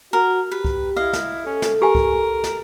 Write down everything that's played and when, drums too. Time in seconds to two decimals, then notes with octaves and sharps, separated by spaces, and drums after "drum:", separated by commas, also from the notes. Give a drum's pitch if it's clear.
0.13 F#4 A#4
0.51 G4 B4
0.65 drum: kick C2
0.96 E4 D#5 F5
1.13 drum: snare
1.46 C#4 A4
1.62 drum: snare
1.82 G4 A#4 G#5
1.95 drum: kick C2
2.44 drum: snare